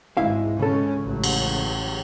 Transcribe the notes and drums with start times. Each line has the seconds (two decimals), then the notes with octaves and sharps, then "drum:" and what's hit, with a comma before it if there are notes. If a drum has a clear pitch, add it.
0.17 G#1 G#3 E4 E5 F5
0.60 C#2 C#3 G#3 C#4 A4
1.03 A1 F#3
1.24 drum: cymbal